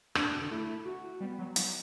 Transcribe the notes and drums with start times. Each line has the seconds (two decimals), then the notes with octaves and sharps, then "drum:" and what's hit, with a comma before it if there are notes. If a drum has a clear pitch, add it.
0.15 E2 D4, drum: rim click
0.24 A2
0.33 B2
0.41 D3
0.51 A3 E4
0.85 F#4
1.20 G3 B3
1.39 F#3
1.56 F#3, drum: hi-hat